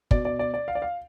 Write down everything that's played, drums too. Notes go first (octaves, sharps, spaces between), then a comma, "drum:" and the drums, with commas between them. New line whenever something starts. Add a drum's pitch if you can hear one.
B2 D5, drum: kick
D5
D5
D5
F5
D5
F5